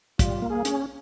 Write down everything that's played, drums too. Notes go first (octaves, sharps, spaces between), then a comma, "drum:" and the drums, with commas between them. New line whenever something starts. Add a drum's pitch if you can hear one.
G3 F4, drum: kick, hi-hat
A#3
G#4
C#4, drum: hi-hat